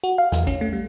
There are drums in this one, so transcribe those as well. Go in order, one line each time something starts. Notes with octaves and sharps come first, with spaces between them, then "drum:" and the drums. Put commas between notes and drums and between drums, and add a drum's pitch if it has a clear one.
F#4
F5
E2, drum: snare
C#4, drum: kick, hi-hat
A3
G3